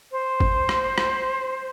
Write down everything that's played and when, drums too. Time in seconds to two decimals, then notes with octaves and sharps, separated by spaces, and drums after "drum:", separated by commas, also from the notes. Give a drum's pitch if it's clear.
0.12 C5
0.40 drum: kick G1
0.69 drum: rim click
0.98 drum: rim click